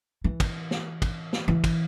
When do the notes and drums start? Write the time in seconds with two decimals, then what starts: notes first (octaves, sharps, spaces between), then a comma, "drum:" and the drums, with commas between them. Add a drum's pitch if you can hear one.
0.24 E3
0.40 drum: kick, cymbal
0.71 drum: snare
1.02 drum: kick, cymbal
1.33 drum: snare
1.48 E3
1.64 drum: kick, cymbal